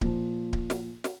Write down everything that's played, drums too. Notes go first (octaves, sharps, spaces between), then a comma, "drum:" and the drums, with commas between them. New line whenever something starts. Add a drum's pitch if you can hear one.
A#2 F3, drum: kick D1
drum: kick D1
drum: snare
drum: snare